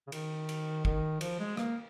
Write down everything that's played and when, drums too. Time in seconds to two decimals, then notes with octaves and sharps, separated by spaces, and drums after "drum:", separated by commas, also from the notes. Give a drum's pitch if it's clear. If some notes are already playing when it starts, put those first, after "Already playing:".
0.07 C#3
0.12 D#3, drum: cymbal
0.49 drum: cymbal
0.85 D#3, drum: kick
1.21 F3, drum: cymbal
1.40 G#3
1.57 A#3, drum: rim click